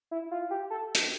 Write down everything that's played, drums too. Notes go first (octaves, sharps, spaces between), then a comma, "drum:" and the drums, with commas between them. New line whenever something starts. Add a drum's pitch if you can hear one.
E4
F4
G4
A4
drum: hi-hat